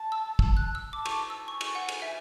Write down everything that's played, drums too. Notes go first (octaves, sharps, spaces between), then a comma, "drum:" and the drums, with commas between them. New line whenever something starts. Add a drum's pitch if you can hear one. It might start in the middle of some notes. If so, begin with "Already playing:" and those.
Already playing: A5
E6
E6, drum: kick
F#6
E6
A5 D6
C#6, drum: cymbal
D6
E6
G#5 C#6
C#6, drum: cymbal
F#5
drum: cymbal
E5